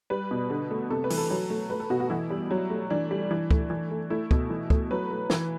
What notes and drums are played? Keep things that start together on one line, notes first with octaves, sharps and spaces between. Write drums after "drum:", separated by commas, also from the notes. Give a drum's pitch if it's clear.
G3 B4
B2
D3
A3
C3 A4
B4
E3, drum: open hi-hat
A4
F#3
A3
A3 B4
A4
B2 F#4
F#4
E3 E4
G3
F#3
A3
E3 D4
G3
E3
A3, drum: kick
E3
A3
A3 E4
B2, drum: kick
E3
A3, drum: kick
F#3 B4
A3
E3, drum: snare